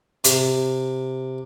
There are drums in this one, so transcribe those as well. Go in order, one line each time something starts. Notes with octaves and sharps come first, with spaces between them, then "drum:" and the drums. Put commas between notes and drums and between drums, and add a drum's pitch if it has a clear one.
C3, drum: hi-hat